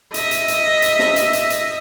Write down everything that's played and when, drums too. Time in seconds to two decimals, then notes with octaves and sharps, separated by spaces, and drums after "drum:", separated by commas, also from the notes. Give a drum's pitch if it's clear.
0.14 D#5 E5, drum: hi-hat
0.31 drum: hi-hat
0.48 drum: hi-hat
0.82 drum: hi-hat
0.99 drum: snare
1.16 drum: hi-hat
1.33 drum: hi-hat
1.50 drum: hi-hat